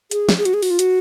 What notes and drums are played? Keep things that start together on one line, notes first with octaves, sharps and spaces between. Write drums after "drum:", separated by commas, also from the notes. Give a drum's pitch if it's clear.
G#4, drum: hi-hat
drum: snare
G#4
F#4, drum: hi-hat
G#4
F#4, drum: open hi-hat
F4
F#4, drum: hi-hat